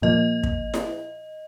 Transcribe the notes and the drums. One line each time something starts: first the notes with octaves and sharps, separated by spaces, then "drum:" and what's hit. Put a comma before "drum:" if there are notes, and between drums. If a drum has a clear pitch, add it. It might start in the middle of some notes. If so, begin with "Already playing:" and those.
A#2 F3 A#3 D#5
drum: kick
drum: snare E4